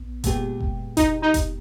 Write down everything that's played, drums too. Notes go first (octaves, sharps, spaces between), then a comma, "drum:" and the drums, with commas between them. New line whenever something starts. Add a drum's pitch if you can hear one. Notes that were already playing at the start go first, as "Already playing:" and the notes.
Already playing: A#1 B3
A#2 G#3 B3 G4, drum: kick F1, hi-hat
drum: kick F1
D#4, drum: kick F1, hi-hat
D#4
drum: kick F1, hi-hat